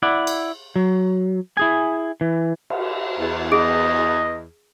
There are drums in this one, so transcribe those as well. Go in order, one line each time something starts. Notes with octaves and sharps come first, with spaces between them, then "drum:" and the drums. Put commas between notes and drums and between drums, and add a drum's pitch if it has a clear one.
E4 D5 F#5
drum: cymbal
F#3
E4 G#4 G#5
E3
drum: cymbal
E2
G#4 D#5